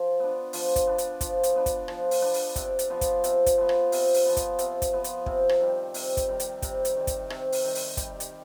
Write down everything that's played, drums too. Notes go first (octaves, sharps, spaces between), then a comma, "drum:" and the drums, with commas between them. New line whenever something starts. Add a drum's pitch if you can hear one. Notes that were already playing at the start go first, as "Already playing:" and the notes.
Already playing: F3
B3 D4
F3, drum: open hi-hat
drum: kick, hi-hat
B3 D4
drum: hi-hat
F3, drum: kick, hi-hat
drum: hi-hat
B3 D4
drum: kick, hi-hat
F3, drum: rim click
drum: open hi-hat
B3 D4
drum: open hi-hat
C3, drum: kick, hi-hat
drum: hi-hat
F3 B3
drum: kick, hi-hat
C3, drum: hi-hat
drum: kick, hi-hat
F3 B3
drum: rim click
C3, drum: open hi-hat
drum: open hi-hat
F3 B3
drum: kick, hi-hat
C3, drum: hi-hat
drum: kick, hi-hat
F3 B3
drum: hi-hat
C3, drum: kick
drum: rim click
D#3 G3
C3, drum: open hi-hat
drum: kick, hi-hat
D#3 G3
drum: hi-hat
C3, drum: kick, hi-hat
drum: hi-hat
D#3 G3
drum: kick, hi-hat
C3, drum: rim click
drum: open hi-hat
D#3 G3
drum: open hi-hat
G3, drum: kick, hi-hat
drum: hi-hat